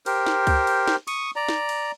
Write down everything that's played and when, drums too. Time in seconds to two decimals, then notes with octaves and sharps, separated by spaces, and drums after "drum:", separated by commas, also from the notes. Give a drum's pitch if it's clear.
0.06 G4 A#4 C5, drum: cymbal
0.27 drum: snare
0.47 drum: kick C#2, cymbal
0.67 drum: cymbal
0.88 drum: snare
1.08 C#6 D#6, drum: cymbal
1.36 D5 A#5
1.49 drum: snare
1.69 drum: cymbal